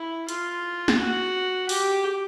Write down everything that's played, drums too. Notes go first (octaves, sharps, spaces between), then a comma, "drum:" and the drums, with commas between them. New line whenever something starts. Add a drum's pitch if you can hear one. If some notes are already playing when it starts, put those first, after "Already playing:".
Already playing: E4
F4, drum: hi-hat
drum: snare
F#4
G4, drum: open hi-hat